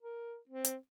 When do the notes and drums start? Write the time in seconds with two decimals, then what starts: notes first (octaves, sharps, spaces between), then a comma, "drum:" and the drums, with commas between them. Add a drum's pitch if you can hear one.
0.02 A#4
0.49 C4
0.65 drum: hi-hat